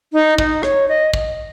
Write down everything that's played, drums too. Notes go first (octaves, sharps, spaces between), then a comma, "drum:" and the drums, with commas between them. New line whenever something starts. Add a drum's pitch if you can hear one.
D#4
D#4, drum: kick
C#5, drum: rim click
D#5
drum: kick